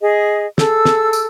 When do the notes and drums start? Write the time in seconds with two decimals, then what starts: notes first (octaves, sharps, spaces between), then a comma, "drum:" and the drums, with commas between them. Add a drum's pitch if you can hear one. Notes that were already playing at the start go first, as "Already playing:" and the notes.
0.01 G#4 D#5
0.58 G#4 A4 E6, drum: snare
0.85 drum: snare
1.13 drum: tambourine